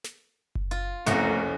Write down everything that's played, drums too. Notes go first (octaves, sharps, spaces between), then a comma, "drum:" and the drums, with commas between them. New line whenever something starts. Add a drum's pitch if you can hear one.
drum: snare
drum: kick F#1
F4
F#1 C2 F2 A3 A#3 C#4 F#4, drum: snare